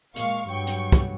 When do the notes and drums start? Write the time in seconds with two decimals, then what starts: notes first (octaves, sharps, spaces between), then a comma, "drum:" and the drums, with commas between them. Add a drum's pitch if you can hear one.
0.16 A#2 G#3 F5 C#6, drum: hi-hat
0.49 G2 F#3 G5 C#6
0.67 drum: hi-hat
0.92 drum: kick, hi-hat